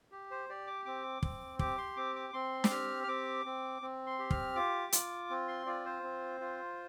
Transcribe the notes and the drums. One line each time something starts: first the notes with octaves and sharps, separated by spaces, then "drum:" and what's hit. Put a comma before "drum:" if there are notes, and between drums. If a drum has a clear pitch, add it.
G4
C5
G4 D5
D6
C4 D6
C4, drum: kick
G4 D6, drum: kick
C6
C4 D6
D6
C4 C6
D6, drum: snare
G4 F6
F6
C4 D6
C4
C4
C6
G4
F6, drum: kick
F4 D6
F4, drum: hi-hat
C4
C6
F4 D5
C5
C4
F4